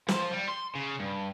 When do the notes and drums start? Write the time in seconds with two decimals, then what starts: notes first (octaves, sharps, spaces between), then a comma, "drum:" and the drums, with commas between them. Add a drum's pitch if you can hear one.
0.08 F3, drum: snare
0.32 G3
0.49 C6
0.75 C#3
0.99 G2